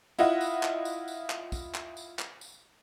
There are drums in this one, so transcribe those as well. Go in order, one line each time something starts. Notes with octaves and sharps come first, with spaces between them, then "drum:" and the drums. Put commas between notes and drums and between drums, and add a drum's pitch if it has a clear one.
E4 F4 D#5 F#5, drum: tambourine
drum: tambourine
drum: clap
drum: tambourine
drum: tambourine
drum: clap
drum: kick, tambourine
drum: clap
drum: tambourine
drum: clap
drum: tambourine